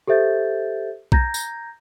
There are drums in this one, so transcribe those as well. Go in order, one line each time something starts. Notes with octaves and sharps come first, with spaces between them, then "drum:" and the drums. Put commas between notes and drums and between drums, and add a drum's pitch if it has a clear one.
G4 A4 C5 E5 G6 A6
A#5 G6 G#6 A#6, drum: kick A#1
drum: tambourine